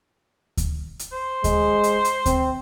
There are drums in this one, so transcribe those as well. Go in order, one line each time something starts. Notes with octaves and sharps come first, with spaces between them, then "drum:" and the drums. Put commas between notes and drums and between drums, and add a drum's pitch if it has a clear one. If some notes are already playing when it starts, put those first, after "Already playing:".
drum: kick D2, hi-hat
drum: hi-hat
C5
G#3, drum: kick D2, hi-hat
drum: hi-hat
drum: hi-hat
C4, drum: kick D2, hi-hat